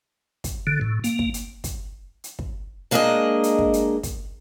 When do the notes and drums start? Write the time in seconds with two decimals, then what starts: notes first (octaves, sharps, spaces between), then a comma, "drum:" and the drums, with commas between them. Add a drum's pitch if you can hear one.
0.44 drum: kick, hi-hat
0.67 D3
0.81 A2
1.04 A#3, drum: hi-hat
1.19 drum: kick
1.34 drum: hi-hat
1.64 drum: kick, hi-hat
2.24 drum: hi-hat
2.39 drum: kick
2.91 G#3 A#3 D4 G#4 A#4 D#5
3.43 drum: hi-hat
3.58 drum: kick
3.73 drum: hi-hat
4.03 drum: kick, hi-hat